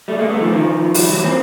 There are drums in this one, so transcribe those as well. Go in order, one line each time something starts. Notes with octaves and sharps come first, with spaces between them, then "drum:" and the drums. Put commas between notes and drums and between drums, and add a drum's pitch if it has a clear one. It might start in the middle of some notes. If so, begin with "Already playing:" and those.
G3 A3
G#3 A#3
A3 B3
D#3 F3
D#3 F3
F3 G3, drum: open hi-hat
E3 F#3
A#3 C4